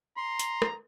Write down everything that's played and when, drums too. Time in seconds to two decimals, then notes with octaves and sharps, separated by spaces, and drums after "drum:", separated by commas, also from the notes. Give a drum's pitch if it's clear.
0.17 A#5 C6
0.39 drum: hi-hat
0.62 drum: rim click